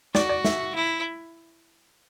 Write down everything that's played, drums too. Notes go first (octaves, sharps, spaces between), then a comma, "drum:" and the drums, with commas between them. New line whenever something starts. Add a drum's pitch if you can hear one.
F#4 D5, drum: snare
D5
E5, drum: snare
E4